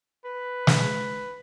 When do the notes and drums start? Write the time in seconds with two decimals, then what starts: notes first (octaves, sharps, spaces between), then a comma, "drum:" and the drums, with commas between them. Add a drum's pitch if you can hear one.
0.24 B4
0.67 drum: snare